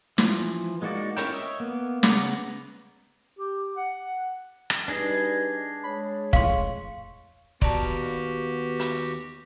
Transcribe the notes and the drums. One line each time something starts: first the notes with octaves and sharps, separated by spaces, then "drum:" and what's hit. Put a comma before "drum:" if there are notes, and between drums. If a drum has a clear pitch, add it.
E3 F3, drum: snare
G#3 A#3 D#4 F#4 D5
C#4 E4 A#4 C#5 G5, drum: hi-hat
C#5 D#5 E5
A#3 B3
C#3 B3 F#5 A#5 D6, drum: snare
G4
F#5
drum: rim click
G3 D4 D#4 G#4 B4 D#5
G#3 C#5 B5
F2 A2 F5 C6 C#6, drum: kick
D#2 B3 F#4 G4 D5 A5 A#5, drum: kick
drum: hi-hat